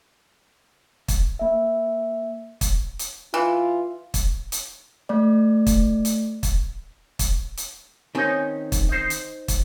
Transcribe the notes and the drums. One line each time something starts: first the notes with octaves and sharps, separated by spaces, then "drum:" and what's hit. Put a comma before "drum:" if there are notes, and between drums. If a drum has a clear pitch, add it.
drum: kick, hi-hat
A#3 E5
drum: kick, hi-hat
drum: hi-hat
E3 F4
drum: kick, hi-hat
drum: hi-hat
A3 D5
drum: kick, hi-hat
drum: hi-hat
drum: kick, hi-hat
drum: kick, hi-hat
drum: hi-hat
D#3 C4 C#4 D#4 G#5
drum: kick, hi-hat
D#4 C5
drum: hi-hat
drum: kick, hi-hat